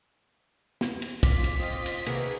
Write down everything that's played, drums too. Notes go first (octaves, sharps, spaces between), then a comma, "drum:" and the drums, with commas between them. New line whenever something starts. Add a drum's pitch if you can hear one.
drum: snare
drum: cymbal
F4 D6 B6, drum: kick, cymbal
drum: cymbal
F3 C4 F4 D#5 D#6
drum: cymbal
C3 D#3 A#3 F#4 G#4 B4, drum: cymbal